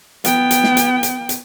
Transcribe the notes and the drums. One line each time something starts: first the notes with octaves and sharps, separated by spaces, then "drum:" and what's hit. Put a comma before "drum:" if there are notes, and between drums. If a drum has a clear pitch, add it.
B3 G5, drum: hi-hat
drum: hi-hat
drum: snare
drum: hi-hat
drum: hi-hat
drum: hi-hat